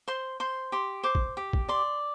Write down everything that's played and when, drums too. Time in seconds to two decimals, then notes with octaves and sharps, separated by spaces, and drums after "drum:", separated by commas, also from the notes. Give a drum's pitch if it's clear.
0.08 C5 C6
0.40 C5 C6
0.72 G4 C6
1.03 C5 D6
1.15 drum: kick
1.37 G4
1.53 drum: kick
1.68 D5 C6